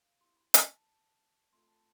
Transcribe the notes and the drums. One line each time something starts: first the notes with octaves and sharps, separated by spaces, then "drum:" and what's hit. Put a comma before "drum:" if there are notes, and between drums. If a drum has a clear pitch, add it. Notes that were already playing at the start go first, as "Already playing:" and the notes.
Already playing: F5
B3 E4 G4 C6
B5
B5, drum: hi-hat
A5
A5
A3 C4 F4 A4 C6
B5
A5
B5